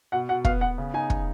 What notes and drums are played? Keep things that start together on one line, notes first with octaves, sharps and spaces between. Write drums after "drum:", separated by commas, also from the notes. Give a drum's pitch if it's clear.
B2 F#5
B2 F#5
B3 F5, drum: kick
B3 F#5
C#3
D#4 G#5
drum: kick